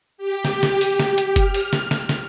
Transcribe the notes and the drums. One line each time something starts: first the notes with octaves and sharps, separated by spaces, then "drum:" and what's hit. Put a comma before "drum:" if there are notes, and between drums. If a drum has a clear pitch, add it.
G4
drum: snare
drum: snare
drum: open hi-hat
drum: snare
drum: hi-hat
F6, drum: kick F#1, hi-hat
drum: open hi-hat
drum: snare
drum: snare
drum: snare